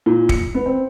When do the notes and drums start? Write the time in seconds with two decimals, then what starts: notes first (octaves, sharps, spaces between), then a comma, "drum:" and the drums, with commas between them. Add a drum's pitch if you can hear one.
0.06 A#2
0.29 C#7, drum: kick
0.55 B3
0.66 C4